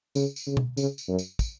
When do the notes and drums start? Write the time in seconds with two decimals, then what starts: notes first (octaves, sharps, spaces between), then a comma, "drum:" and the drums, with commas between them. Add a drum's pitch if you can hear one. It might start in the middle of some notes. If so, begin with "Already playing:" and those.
0.15 C#3, drum: tambourine
0.36 drum: tambourine
0.47 C#3
0.57 drum: tom B2
0.77 C#3, drum: tambourine
0.98 drum: tambourine
1.08 F#2
1.19 drum: tambourine
1.39 drum: kick, tambourine